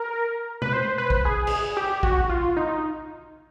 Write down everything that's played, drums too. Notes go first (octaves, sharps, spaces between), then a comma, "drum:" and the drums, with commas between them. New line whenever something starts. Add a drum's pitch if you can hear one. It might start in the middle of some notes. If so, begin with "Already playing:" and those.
Already playing: A#4
B4, drum: tom B2
C5
B4
drum: kick
G#4
drum: cymbal
G4
F#4, drum: kick
F4
D#4